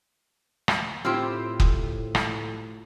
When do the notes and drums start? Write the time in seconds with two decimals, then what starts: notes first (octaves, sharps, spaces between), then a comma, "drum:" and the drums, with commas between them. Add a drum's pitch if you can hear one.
0.68 drum: rim click
1.05 A2 C4 E4 F4 G4 C5
1.60 drum: kick
2.15 drum: rim click